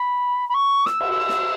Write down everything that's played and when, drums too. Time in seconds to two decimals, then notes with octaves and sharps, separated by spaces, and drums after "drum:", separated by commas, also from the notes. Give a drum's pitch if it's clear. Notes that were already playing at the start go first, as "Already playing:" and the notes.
Already playing: B5
0.49 B5
0.54 C#6
0.86 E6, drum: snare
1.00 drum: cymbal
1.29 drum: snare